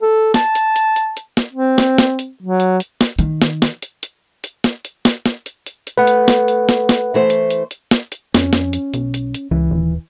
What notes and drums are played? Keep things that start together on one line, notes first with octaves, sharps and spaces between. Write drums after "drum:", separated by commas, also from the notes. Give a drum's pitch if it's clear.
A4
A5, drum: snare
drum: hi-hat
drum: hi-hat
drum: hi-hat
drum: hi-hat
drum: snare
C4
drum: snare
drum: snare
drum: hi-hat
F#3
drum: hi-hat
drum: hi-hat
drum: snare
D#3, drum: hi-hat
drum: snare
drum: snare
drum: hi-hat
drum: hi-hat
drum: hi-hat
drum: snare
drum: hi-hat
drum: snare
drum: snare
drum: hi-hat
drum: hi-hat
drum: hi-hat
A3 B4 F#5
drum: hi-hat
drum: snare
drum: hi-hat
drum: snare
drum: snare
E3 A3 C5
drum: hi-hat
drum: hi-hat
drum: hi-hat
drum: snare
drum: hi-hat
F2 C#4, drum: snare
drum: snare
drum: hi-hat
B1, drum: hi-hat
drum: hi-hat
drum: hi-hat
C#2 E3
D#1